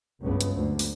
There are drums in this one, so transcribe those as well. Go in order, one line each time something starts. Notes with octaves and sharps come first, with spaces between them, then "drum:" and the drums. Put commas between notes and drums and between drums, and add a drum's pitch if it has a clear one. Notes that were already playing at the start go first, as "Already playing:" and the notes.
F#1 C#2 G2 C#3 B3
drum: hi-hat
D2
drum: open hi-hat